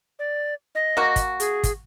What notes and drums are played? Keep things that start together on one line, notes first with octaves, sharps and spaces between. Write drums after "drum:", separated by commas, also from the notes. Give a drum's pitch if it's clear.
D5
D#5
A#3 F#4
drum: kick, hi-hat
G#4, drum: hi-hat
drum: kick, hi-hat